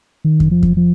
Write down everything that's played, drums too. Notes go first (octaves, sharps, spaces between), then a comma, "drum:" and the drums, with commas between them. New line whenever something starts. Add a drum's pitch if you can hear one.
D#3
drum: kick
F3
drum: kick
F3